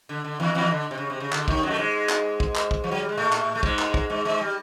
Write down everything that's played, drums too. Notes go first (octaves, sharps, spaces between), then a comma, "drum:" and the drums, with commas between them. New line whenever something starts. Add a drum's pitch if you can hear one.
D3
D3
E2 E3
E2 E3
D3
C3
C#3
C3
C#3
D3, drum: clap
D#2 D#3, drum: kick
F#2 F#3
A3
G#2 G#3
drum: clap
drum: kick
drum: clap
drum: kick
F3
F#3
G3
G#3
A2 A3
drum: clap
A3
G#2 G#3, drum: kick
drum: clap
drum: kick
G#2 G#3
G#2 G#3
G3